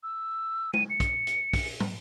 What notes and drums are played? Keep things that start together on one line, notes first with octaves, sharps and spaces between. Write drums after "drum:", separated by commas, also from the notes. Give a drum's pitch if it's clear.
E6
D#7, drum: tom G#3
C#7
drum: kick, hi-hat
drum: hi-hat
drum: kick, open hi-hat
drum: tom